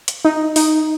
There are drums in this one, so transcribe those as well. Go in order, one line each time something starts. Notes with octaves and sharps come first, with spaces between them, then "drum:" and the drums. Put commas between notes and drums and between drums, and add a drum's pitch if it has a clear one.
drum: hi-hat
D#4
D#4, drum: open hi-hat